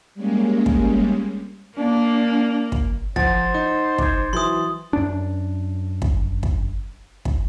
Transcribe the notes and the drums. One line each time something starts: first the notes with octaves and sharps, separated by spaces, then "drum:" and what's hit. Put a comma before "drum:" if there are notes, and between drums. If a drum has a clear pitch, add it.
G3 G#3 A#3 C#4
drum: kick
A#3 D4
drum: kick
F3 C5 F#5 A6, drum: kick
D#4
D6 G#6, drum: kick
E3 F#3 C6 D#6
F#2 D4
drum: kick
drum: kick
drum: kick